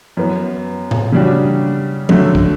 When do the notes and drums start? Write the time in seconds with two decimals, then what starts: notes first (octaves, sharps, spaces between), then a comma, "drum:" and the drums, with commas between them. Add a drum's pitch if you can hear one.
0.17 F#2 E3 B3
0.91 drum: tom
1.12 C#3 G3 D4 F#4
2.09 D3 F#3 A3, drum: tom
2.35 drum: kick